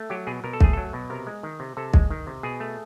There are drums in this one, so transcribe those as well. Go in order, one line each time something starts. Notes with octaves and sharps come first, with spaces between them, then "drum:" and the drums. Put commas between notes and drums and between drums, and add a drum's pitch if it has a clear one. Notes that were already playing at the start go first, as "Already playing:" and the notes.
Already playing: A3
F#3 G4
B2 G#4
B2 A#4
A4
A3 G#4, drum: kick
F#3 A4
B2
C3 A#4
G#3
D#3
C3
C3 A4
G#3, drum: kick
D#3
C3
B2 G#4
A3